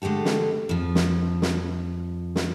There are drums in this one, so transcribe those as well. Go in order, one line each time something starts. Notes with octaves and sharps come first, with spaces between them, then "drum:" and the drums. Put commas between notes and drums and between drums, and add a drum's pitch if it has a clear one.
D3 G#3 A3 G4 A4
drum: snare
F2 F3
drum: snare
drum: snare
drum: snare